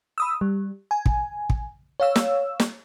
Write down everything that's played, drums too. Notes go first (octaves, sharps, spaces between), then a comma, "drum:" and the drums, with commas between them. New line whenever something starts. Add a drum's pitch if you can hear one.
B5 D#6 E6
G3
G#5
drum: kick
drum: kick
C#5 F5 E6
drum: snare
drum: snare